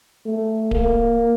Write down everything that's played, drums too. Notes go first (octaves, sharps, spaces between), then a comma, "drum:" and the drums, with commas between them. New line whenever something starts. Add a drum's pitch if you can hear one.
A3
A#3, drum: kick D1